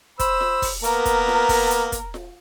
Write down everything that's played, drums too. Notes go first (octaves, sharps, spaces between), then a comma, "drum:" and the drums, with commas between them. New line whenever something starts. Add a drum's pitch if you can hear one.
C5 B5 E6, drum: kick, hi-hat
drum: snare F4
drum: kick, open hi-hat
A#3 B3 A#4, drum: hi-hat
drum: kick, hi-hat
drum: snare F4
drum: kick, open hi-hat
drum: hi-hat
drum: kick, hi-hat
drum: snare F4